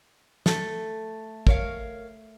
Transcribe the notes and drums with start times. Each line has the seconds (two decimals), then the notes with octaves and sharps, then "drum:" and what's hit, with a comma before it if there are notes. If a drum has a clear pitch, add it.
0.46 A3, drum: snare
1.47 A#4 C#5 F5, drum: kick